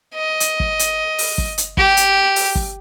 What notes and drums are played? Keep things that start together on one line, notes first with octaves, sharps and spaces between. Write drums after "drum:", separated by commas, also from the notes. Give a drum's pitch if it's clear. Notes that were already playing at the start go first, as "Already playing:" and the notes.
D#5
drum: hi-hat
drum: kick
drum: hi-hat
drum: open hi-hat
drum: kick
drum: hi-hat
G4, drum: kick
drum: hi-hat
drum: open hi-hat
drum: kick